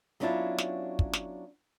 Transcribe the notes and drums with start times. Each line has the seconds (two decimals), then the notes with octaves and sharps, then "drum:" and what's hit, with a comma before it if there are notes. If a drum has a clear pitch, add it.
0.20 F#3 B3 C#4 D4 E4 F4
0.58 drum: snare
0.99 drum: kick
1.13 drum: snare